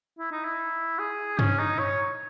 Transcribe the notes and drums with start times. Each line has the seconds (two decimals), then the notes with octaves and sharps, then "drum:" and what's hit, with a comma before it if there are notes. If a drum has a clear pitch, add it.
0.19 E4
0.31 D#4
0.44 E4
0.99 G#4
1.39 C#4, drum: tom G2
1.59 D#4
1.79 C#5